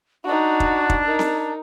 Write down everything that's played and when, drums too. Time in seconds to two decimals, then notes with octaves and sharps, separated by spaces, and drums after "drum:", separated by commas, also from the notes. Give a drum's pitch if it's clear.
0.24 D4 D#4 F#4
0.60 drum: kick
0.90 drum: kick
1.04 D#4 A#4
1.19 drum: snare C4